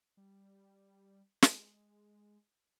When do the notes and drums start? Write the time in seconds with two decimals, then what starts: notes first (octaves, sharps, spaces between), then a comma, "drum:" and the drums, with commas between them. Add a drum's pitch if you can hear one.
0.17 G3
1.42 G#3, drum: snare